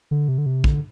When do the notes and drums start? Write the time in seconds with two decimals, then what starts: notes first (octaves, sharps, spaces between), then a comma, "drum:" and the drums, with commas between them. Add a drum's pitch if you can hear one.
0.11 D3
0.28 C3
0.38 D3
0.46 C3
0.64 D3, drum: kick